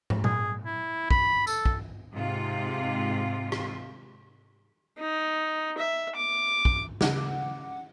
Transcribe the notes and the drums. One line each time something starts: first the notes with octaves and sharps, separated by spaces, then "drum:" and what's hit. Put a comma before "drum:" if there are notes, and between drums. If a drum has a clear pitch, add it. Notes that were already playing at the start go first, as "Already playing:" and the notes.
drum: tom
G#4, drum: tom A#2
E4
B5, drum: kick
A4, drum: tambourine
drum: kick
G#2 C3 F4
drum: rim click
D#4
E5
D6
drum: kick
C#3 F#5 D6, drum: snare